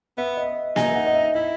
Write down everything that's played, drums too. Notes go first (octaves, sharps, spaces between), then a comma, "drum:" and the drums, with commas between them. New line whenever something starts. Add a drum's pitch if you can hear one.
B3 E5
D#5
D#4 G#5, drum: snare A#3
E5
F#5
D#5
E5
E4 E5